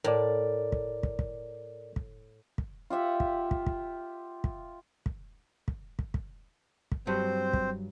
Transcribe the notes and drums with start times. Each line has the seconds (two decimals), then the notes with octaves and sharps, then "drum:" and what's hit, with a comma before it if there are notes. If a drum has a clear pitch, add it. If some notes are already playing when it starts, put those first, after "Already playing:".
0.04 A2 A#4 D5
0.72 drum: kick
1.03 drum: kick
1.19 drum: kick
1.96 drum: kick
2.58 drum: kick
2.90 F4 G4 E5 F#5
3.20 drum: kick
3.51 drum: kick
3.66 drum: kick
4.44 drum: kick
5.06 drum: kick
5.68 drum: kick
5.99 drum: kick
6.14 drum: kick
6.92 drum: kick
7.07 G2 F#3 C4 C5
7.53 drum: kick